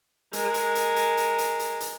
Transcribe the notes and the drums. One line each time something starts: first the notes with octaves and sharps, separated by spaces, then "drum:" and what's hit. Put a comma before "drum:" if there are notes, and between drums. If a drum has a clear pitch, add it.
G#3 A#4, drum: hi-hat
drum: hi-hat
drum: hi-hat
drum: hi-hat
drum: hi-hat
drum: hi-hat
drum: hi-hat
drum: hi-hat